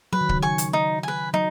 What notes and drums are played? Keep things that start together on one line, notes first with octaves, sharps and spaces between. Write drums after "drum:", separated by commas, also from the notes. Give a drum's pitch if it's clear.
F#3 B4
D#3
C#3, drum: kick C#1
D#3
G#5 C#6
drum: hi-hat
D#4
B4 G#5
F#3 D#4